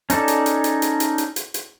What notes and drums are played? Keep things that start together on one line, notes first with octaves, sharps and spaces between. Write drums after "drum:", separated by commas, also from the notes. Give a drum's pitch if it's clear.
C#4 D#4 A4 D5, drum: hi-hat
drum: hi-hat
drum: hi-hat
drum: hi-hat
drum: hi-hat
drum: hi-hat
drum: hi-hat
drum: hi-hat
drum: hi-hat